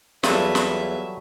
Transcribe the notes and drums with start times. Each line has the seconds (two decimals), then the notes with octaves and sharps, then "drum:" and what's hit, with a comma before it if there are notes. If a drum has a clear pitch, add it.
0.23 E2 F#3 G3 F4 A4 E5 D#6, drum: snare
0.55 drum: snare